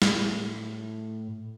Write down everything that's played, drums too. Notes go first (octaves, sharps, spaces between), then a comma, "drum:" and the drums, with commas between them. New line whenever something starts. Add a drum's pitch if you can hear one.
A2, drum: snare